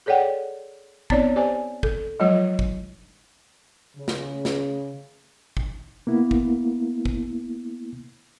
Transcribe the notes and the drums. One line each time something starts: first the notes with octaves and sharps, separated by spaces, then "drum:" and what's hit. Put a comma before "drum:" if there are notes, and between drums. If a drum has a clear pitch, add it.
G#4 A4 C#5 D5 F#5 G5
B3 C4 D#4 C#5 D5, drum: kick
G4 C5 D5 G#5
A4, drum: kick
F3 F#3 G#3 F4 C#5 D#5
drum: kick
C#3
drum: snare
drum: snare
drum: kick
A#3 B3 E4
drum: kick
drum: kick